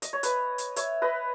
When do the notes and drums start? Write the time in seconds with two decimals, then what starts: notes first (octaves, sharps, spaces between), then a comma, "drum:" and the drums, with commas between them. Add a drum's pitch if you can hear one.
0.02 D#5, drum: hi-hat
0.13 C#5
0.23 B4 D#5, drum: hi-hat
0.58 drum: hi-hat
0.76 C#5 E5, drum: hi-hat
1.02 B4 D#5